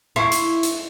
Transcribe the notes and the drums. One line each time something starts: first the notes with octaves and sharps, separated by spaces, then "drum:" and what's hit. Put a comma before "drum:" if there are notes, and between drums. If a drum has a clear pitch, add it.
E4 C6 C#6 C7
drum: hi-hat
drum: hi-hat